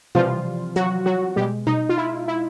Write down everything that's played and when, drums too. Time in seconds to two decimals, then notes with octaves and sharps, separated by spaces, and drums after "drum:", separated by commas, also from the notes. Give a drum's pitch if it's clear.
0.15 C3 E3 F3 G3 F4, drum: tom B2
0.76 F#3 F#4, drum: hi-hat
1.06 F#3 F#4
1.36 B2 G3 G#3 G4
1.67 D#4, drum: tom B2
1.89 F4
1.98 E4
2.28 E4